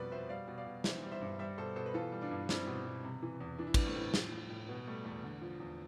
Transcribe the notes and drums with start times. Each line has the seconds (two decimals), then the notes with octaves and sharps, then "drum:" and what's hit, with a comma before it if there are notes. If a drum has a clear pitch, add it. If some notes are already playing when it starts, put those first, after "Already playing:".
Already playing: F2 B2 G3 B4 D5
0.11 B2 C5 E5
0.29 G3 D5 F5
0.48 B2
0.57 D5 F5
0.67 B2
0.84 E3 C5 E5, drum: snare
1.03 G3
1.12 C5 E5
1.21 G2
1.39 G3 C5 E5
1.58 B2 A4 C5
1.76 B2 A4 C5
1.86 B4
1.94 E3 F4 A4
2.12 G3
2.21 D4 F4
2.31 G2
2.49 G3 C4 E4, drum: snare
2.67 B2
2.86 B2
3.04 C3
3.23 E3
3.41 E2
3.58 E3 D4
3.67 E4
3.74 G3 B3 D4, drum: kick, cymbal
3.86 A3 C4
3.96 A2
4.14 F3, drum: snare
4.32 A2
4.50 A2
4.69 B2 B3
4.87 G3 A3
5.05 E2 A3
5.24 D3
5.41 F3
5.60 E2